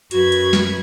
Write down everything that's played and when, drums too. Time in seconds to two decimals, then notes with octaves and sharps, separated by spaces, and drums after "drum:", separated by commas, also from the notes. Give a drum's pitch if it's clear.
0.11 F#2 F#4 B4 G#6, drum: hi-hat
0.32 drum: hi-hat
0.53 drum: snare